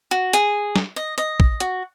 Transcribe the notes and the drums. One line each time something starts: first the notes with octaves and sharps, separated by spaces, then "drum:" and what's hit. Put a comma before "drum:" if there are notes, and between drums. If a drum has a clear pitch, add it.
F#4
G#4, drum: hi-hat
drum: snare
D#5
D#5, drum: hi-hat
drum: kick
F#4, drum: hi-hat